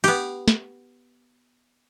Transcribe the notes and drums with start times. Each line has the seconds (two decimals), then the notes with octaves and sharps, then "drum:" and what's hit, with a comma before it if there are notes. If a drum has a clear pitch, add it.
0.04 B3 G4, drum: open hi-hat
0.48 drum: snare